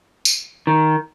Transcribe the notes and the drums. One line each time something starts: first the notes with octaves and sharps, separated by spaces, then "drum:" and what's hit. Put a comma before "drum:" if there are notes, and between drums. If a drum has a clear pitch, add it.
drum: tambourine
D#3